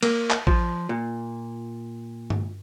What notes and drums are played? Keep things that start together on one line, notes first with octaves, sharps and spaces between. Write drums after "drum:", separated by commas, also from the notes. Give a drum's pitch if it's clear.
A#3, drum: cymbal
drum: clap
F3, drum: kick A1
A#2
drum: tom G2